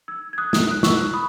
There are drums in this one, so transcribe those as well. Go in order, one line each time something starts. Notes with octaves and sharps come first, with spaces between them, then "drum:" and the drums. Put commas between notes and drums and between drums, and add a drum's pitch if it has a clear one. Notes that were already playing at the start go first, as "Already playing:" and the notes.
E6 G#6
G#6
D#6 F#6
D#6 F#6, drum: snare
F#6
C#6 E6, drum: snare
B5 D#6